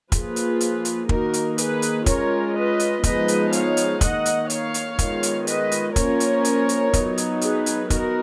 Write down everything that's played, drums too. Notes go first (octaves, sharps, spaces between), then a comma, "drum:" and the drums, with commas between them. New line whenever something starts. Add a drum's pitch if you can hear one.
F3 A#3 F4 G#4 B4, drum: kick, hi-hat
drum: hi-hat
drum: hi-hat
drum: hi-hat
D#3 A#3 D#4 F#4 A#4, drum: kick
drum: hi-hat
G#4 B4, drum: hi-hat
drum: hi-hat
G#3 C#4 F4 A#4 C#5, drum: kick, hi-hat
B4 D#5
drum: hi-hat
F3 G#3 B3 D#4 B4 D#5, drum: kick, hi-hat
drum: hi-hat
C#5 F5, drum: hi-hat
drum: hi-hat
D#3 A#3 D#4 D#5 F#5, drum: kick, hi-hat
drum: hi-hat
C#5 F5, drum: hi-hat
drum: hi-hat
D#3 G#3 B3 F4, drum: kick, hi-hat
drum: hi-hat
B4 D#5, drum: hi-hat
drum: hi-hat
F3 A#3 C#4 F4 A#4 C#5, drum: kick, hi-hat
drum: hi-hat
drum: hi-hat
drum: hi-hat
F#3 B3 D#4, drum: kick, hi-hat
drum: hi-hat
G#4 B4, drum: hi-hat
drum: hi-hat
B3 D#4 F#4 A#4, drum: kick, hi-hat